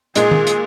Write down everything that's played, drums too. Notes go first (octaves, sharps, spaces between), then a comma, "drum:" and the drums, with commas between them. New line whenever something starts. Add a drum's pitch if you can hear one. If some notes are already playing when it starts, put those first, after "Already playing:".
A#2 G#3 D#4 G#4, drum: hi-hat
drum: tom D#3
drum: hi-hat